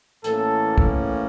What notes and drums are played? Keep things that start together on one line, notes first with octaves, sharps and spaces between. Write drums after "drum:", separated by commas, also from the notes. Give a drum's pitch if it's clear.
A2 E3 A#3 C#4 A4, drum: hi-hat
drum: kick